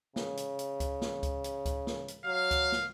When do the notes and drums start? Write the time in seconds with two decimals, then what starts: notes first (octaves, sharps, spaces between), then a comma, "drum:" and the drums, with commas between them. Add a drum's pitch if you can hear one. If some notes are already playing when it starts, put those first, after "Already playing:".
0.16 C#3, drum: snare
0.37 drum: hi-hat
0.59 drum: hi-hat
0.80 drum: kick C#2, hi-hat
1.01 drum: snare
1.23 drum: kick C#2, hi-hat
1.44 drum: hi-hat
1.65 drum: kick C#2, hi-hat
1.87 drum: snare
2.08 drum: hi-hat
2.25 F#3 F5
2.51 drum: kick C#2, hi-hat
2.72 drum: snare